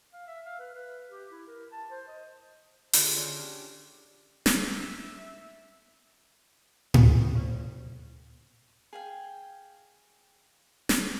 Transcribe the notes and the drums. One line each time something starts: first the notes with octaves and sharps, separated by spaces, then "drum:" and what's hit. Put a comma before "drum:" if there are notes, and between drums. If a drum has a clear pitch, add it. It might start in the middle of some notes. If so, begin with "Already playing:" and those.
F5
E5
F5
B4
B4
G4
E4
A#4
A5
C5
D#5
D3 F4 G4 G#4, drum: open hi-hat
C#4 D4 C#5
G4
drum: snare
E5
A#3 F4 G4 G#5 C#6, drum: tom A2
F#3 A4 C5
G#4 F5 G5
drum: snare